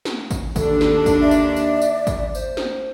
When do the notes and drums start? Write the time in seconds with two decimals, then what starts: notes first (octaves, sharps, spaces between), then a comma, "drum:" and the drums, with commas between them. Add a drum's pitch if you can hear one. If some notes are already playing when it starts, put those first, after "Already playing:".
0.05 drum: snare
0.31 drum: kick G#1, tambourine
0.56 D#2 D#3 D4 A4, drum: kick G#1, tambourine
0.81 drum: snare
1.06 drum: kick G#1, tambourine
1.21 D5 E5
1.31 drum: tambourine
1.56 drum: tambourine
1.82 drum: tambourine
2.07 drum: kick G#1, tambourine
2.35 C5, drum: tambourine
2.57 drum: snare